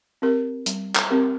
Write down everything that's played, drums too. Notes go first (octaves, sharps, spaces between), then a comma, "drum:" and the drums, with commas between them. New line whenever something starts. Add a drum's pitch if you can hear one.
C4 G4 A#4
G3, drum: hi-hat
drum: clap
C4 G4 A#4